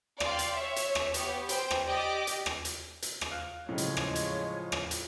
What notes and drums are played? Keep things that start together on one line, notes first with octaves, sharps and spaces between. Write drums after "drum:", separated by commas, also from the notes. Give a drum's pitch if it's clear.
D5 F5 G5 C6, drum: rim click
drum: hi-hat
C#5 E5
drum: hi-hat
drum: rim click
B3 G4 C#5, drum: hi-hat
B4 C5 G5, drum: hi-hat
drum: rim click
G4 D5 D#5 G5 D6
drum: hi-hat
drum: rim click
drum: hi-hat
drum: hi-hat
drum: rim click
F5 F6 F#6
A2 C#3 F3 F#3 G#3 C#5 D#5
drum: hi-hat
drum: rim click
drum: hi-hat
drum: rim click
drum: hi-hat